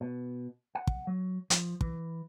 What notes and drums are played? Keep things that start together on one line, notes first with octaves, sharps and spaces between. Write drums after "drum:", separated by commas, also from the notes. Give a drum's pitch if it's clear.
B2
F#5
drum: kick
F#3
F3, drum: hi-hat
E3, drum: kick